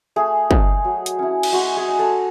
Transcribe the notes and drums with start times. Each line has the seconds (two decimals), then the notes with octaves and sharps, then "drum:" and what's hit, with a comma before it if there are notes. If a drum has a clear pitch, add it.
0.16 A3 G#4
0.51 D#4, drum: kick
0.85 F#3
1.06 drum: hi-hat
1.19 C#4 E4
1.43 drum: cymbal
1.53 G#3 F#4
1.77 G#4
1.88 D#4
1.99 A4